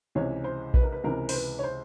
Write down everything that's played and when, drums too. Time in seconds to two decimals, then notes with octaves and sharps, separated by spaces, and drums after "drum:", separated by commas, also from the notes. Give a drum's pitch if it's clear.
0.15 C#2 C3 E3 C#5
0.44 C5
0.74 B4, drum: kick A#1
0.83 A#4
0.92 B4
1.04 C#2 C3 E3 A#4
1.29 C5, drum: open hi-hat
1.34 B4
1.59 C#5
1.63 C5